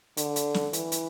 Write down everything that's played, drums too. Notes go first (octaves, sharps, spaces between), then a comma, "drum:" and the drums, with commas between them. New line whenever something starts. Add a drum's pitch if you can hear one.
D3, drum: hi-hat
drum: hi-hat
drum: snare
E3, drum: hi-hat
drum: hi-hat